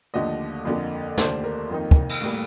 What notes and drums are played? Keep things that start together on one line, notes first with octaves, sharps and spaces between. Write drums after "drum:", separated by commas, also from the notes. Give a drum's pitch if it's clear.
D#2 D3 F3 A3 D#5
F2 D3 F3 A#3
D#2 D3 A3 D4 C5, drum: snare
A#4
F2 D#3 A#3 D#4
drum: kick
drum: cymbal
A2 G3 A#3